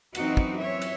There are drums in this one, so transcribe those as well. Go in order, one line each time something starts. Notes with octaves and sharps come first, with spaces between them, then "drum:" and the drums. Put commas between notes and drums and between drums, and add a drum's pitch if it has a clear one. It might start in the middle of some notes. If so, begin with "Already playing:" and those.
F#2 E3 C4 D#4 F#4, drum: cymbal
drum: kick
C#5 E5
drum: cymbal